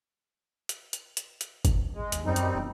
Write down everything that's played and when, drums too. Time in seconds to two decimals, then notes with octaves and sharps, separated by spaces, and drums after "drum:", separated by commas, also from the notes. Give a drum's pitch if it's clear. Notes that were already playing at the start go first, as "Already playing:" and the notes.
0.69 drum: hi-hat
0.93 drum: hi-hat
1.17 drum: hi-hat
1.41 drum: hi-hat
1.65 drum: kick, hi-hat
1.95 G#3
2.12 D#2, drum: hi-hat
2.25 F#2 G3 C4 D#4
2.36 drum: hi-hat
2.55 E1